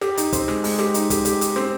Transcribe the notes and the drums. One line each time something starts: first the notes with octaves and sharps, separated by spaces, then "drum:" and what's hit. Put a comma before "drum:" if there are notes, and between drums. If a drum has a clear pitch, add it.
G4, drum: snare
D#4, drum: hi-hat
C4, drum: kick, hi-hat
G#3, drum: snare
G#3, drum: open hi-hat
G4, drum: snare
D#4, drum: hi-hat
G4, drum: kick, hi-hat
G4, drum: hi-hat
G4, drum: hi-hat
C4, drum: snare